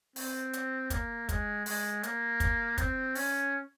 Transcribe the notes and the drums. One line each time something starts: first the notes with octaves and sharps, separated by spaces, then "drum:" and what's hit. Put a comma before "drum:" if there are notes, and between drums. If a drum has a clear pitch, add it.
C4, drum: open hi-hat
drum: hi-hat
A#3, drum: kick, hi-hat
G#3, drum: kick, hi-hat
G#3, drum: open hi-hat
A#3, drum: hi-hat
drum: kick, hi-hat
C4, drum: kick, hi-hat
C#4, drum: open hi-hat